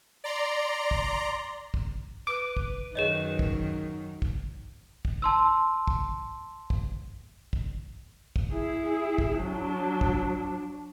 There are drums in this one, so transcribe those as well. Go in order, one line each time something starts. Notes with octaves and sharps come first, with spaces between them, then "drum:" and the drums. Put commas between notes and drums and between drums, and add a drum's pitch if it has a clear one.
D5 A#5 C6
drum: kick
drum: kick
B4 D6
drum: kick
F#2 D#3 G#4 C#5 D#5
drum: kick
drum: kick
drum: kick
A5 C6 E6
drum: kick
drum: kick
drum: kick
drum: kick
E4 G#4
drum: kick
F#3 D4
drum: kick